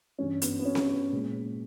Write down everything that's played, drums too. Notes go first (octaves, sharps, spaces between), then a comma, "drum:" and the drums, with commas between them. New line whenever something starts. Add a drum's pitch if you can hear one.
G2 E3 G3 C#4
B3, drum: hi-hat
B3
C#4
drum: snare C4
A#2 G#3